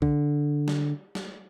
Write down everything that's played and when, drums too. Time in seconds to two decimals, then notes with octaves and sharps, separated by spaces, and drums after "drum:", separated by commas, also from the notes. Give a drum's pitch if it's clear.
0.02 D3, drum: kick B1
0.68 drum: snare
1.15 drum: snare